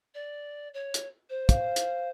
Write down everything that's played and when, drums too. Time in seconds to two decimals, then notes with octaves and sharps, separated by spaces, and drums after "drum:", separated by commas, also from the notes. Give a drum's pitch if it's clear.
0.14 D5
0.73 C#5
0.94 drum: hi-hat
1.29 C5
1.49 F5, drum: kick, hi-hat
1.76 drum: hi-hat